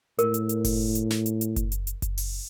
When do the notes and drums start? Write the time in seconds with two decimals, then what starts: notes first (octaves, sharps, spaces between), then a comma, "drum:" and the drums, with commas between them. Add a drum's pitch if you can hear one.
0.19 A2 A#4, drum: hi-hat
0.34 drum: hi-hat
0.49 drum: hi-hat
0.65 drum: kick F#1, open hi-hat
0.95 drum: hi-hat
1.10 drum: snare
1.26 drum: hi-hat
1.41 drum: hi-hat
1.56 drum: kick F#1, hi-hat
1.72 drum: hi-hat
1.87 drum: hi-hat
2.02 drum: kick F#1, hi-hat
2.18 drum: open hi-hat